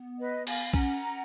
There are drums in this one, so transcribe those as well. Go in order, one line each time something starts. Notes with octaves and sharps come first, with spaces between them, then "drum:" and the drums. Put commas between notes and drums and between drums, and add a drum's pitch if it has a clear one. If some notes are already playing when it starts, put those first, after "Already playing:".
Already playing: B3
B4 D#5
F5 G#5, drum: cymbal
C#4 F#5 A#5, drum: kick A#1